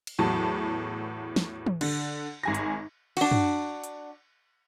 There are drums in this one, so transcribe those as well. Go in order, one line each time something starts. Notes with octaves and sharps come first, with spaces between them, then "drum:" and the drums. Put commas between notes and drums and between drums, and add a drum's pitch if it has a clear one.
drum: cymbal
E2 A2 F#3 A5
drum: snare
drum: tom
D3, drum: cymbal
G#1 G#5 A#6
drum: hi-hat
D4 F#4, drum: cymbal
drum: tom
drum: hi-hat